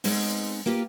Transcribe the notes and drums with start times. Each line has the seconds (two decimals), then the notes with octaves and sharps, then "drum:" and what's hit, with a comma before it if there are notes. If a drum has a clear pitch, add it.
0.04 G#3 B3 C4 D#4, drum: open hi-hat
0.66 A#3 F4 G4 A#4 B4